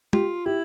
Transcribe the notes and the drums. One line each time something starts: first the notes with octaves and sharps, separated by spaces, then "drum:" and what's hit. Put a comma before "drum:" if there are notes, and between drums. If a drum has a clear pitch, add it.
F4 G4, drum: tom
E4 G4